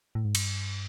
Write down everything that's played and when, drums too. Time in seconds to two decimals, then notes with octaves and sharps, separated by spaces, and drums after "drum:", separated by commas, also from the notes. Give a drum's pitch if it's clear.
0.15 A2
0.25 G#2
0.35 G2, drum: cymbal